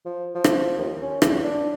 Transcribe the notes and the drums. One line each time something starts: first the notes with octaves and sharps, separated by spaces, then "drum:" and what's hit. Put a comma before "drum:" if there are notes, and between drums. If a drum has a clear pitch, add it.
F3
F3
drum: rim click
D#2
C#4
E2, drum: rim click
D4